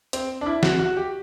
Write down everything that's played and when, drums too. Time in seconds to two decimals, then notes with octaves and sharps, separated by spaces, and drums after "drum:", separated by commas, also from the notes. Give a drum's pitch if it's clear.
0.13 C4, drum: hi-hat
0.41 D4
0.46 E4
0.63 F#4, drum: snare
0.79 F#4
0.97 G4